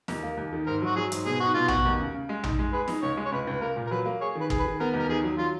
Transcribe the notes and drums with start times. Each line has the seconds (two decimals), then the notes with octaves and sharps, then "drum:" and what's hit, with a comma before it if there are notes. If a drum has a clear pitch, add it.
0.08 D#2, drum: snare
0.23 A#3
0.37 D#2
0.53 D#3
0.67 G#2 A#4
0.82 F#3 F#4
0.96 F#3 G#4
1.12 G#2, drum: hi-hat
1.26 B2 G#4
1.40 D#4 F#4
1.54 B2 F4
1.68 B2 F#4, drum: tom A#1
1.85 D#2
2.00 C#3
2.14 C#3
2.29 G#3
2.43 D#4, drum: tom A#1
2.59 G#3
2.73 G#4 B4
2.88 D#4, drum: snare
3.02 C#2 C#5
3.17 G#3
3.25 C#5
3.32 C#2 B4
3.47 C#2 B4
3.61 A#3 A#4
3.76 A#2
3.87 A#4
3.91 F#3 B4
4.05 A#3
4.21 G#4 C#5
4.35 D#3
4.41 B4
4.50 G#4, drum: kick
4.59 B4
4.65 D#3
4.80 B3 A#4
4.94 D#2
4.99 A#4
5.09 D#3 G#4
5.24 F#3
5.38 F#3 F4